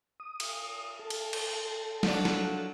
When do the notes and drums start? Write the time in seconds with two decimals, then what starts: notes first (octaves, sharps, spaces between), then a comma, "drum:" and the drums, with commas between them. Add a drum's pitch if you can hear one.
0.20 D#6
0.40 drum: cymbal
1.00 A4
1.10 drum: cymbal
1.33 drum: cymbal
2.03 F3 F#3 D4, drum: snare
2.25 drum: snare